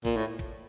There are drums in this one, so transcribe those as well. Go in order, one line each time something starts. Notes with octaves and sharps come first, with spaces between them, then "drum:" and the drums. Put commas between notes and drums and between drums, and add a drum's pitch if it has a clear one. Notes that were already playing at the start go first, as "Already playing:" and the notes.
A#2, drum: kick A1
A2
drum: kick A1